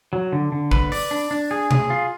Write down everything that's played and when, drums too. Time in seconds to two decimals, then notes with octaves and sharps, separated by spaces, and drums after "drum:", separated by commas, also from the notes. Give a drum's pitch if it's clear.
0.13 F#3
0.32 D3
0.52 D3
0.71 B4, drum: kick
0.92 D5, drum: open hi-hat
1.11 D4
1.31 D4
1.51 G#4
1.71 G#4, drum: tom B2
1.90 F4